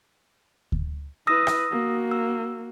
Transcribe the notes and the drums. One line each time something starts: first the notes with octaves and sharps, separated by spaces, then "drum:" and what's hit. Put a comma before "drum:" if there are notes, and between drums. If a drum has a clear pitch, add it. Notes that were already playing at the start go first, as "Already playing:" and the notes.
drum: kick D2
E4 B4 D#6 E6 A#6
drum: rim click
A#3 F#4
E6